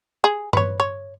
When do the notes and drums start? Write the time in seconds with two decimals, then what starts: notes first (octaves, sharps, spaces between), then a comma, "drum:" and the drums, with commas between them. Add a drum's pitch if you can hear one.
0.24 G#4
0.53 B4 C#5, drum: tom G2
0.80 C#5